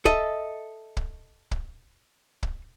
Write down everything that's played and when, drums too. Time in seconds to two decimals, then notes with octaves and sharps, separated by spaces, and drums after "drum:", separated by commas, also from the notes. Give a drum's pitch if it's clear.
0.05 A4 D#5 E5, drum: kick
0.97 drum: kick
1.51 drum: kick
2.43 drum: kick